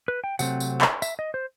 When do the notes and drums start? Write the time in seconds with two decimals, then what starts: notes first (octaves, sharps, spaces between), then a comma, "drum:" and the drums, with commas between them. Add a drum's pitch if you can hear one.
0.08 B4
0.24 G5
0.39 C3 F#3 A3 C4 F#5, drum: tambourine
0.60 drum: tambourine
0.81 drum: clap
1.02 E5, drum: tambourine
1.19 D#5
1.34 C5